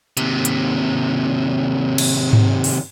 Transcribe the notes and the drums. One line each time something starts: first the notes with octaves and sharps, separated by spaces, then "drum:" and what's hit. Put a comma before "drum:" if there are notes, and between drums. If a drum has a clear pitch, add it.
D#2 C3, drum: hi-hat
drum: hi-hat
drum: cymbal
drum: tom G#2
drum: open hi-hat